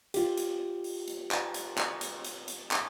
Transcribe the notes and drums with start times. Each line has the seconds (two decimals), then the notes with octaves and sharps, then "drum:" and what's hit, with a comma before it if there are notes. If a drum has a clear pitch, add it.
0.14 F4 G4, drum: hi-hat
0.38 drum: hi-hat
0.84 drum: open hi-hat
1.08 drum: hi-hat
1.31 drum: clap
1.54 drum: hi-hat
1.78 drum: clap
2.01 drum: hi-hat
2.25 drum: hi-hat
2.48 drum: hi-hat
2.71 drum: clap